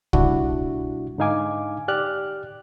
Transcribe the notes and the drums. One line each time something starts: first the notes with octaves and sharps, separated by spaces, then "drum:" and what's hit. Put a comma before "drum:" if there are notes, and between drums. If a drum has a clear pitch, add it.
B2 G3 D4 E4 F#4, drum: kick
G#2 D3 D#4 F5 G#5 D6
G4 D5 F6 F#6